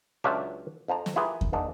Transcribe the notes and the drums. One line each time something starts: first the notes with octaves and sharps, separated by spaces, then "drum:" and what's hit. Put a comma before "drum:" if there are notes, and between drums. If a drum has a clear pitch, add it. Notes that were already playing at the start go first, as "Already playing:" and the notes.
C#2 F#3 D4 F4 G4 E5
F2 F3 C5 A#5
drum: snare
E4 F4 G4 G#4 A#4 B4
drum: kick E2
G#2 A#3 D4 D#4